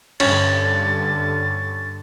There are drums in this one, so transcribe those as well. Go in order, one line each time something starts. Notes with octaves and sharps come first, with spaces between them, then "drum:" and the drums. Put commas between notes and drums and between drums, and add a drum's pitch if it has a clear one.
G2 D3 C#4 A6, drum: cymbal